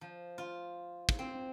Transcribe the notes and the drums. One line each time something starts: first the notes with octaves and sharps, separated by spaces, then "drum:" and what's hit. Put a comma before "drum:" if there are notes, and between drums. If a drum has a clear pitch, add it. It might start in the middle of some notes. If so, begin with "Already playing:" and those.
F3
F4
drum: kick
C4